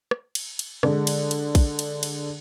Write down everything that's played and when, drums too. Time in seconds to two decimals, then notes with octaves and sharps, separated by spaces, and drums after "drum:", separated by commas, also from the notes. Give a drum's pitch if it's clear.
0.11 drum: rim click
0.35 drum: cymbal
0.59 drum: cymbal
0.83 D3 G#3, drum: rim click
1.07 drum: cymbal
1.31 drum: cymbal
1.55 drum: kick, cymbal
1.79 drum: cymbal
2.03 drum: cymbal